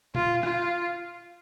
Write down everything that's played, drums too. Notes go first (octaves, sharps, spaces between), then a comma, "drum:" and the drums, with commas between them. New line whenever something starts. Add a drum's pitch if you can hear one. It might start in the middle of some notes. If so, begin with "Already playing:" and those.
F4, drum: tom A#2
F4, drum: rim click